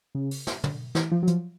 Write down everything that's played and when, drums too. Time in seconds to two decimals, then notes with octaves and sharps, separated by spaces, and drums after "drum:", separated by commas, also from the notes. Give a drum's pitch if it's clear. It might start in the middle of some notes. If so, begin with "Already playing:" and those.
0.15 C#3
0.31 drum: open hi-hat
0.47 drum: snare
0.64 D3, drum: tom
0.95 E3, drum: snare
1.11 F3
1.23 F#3
1.27 F3, drum: hi-hat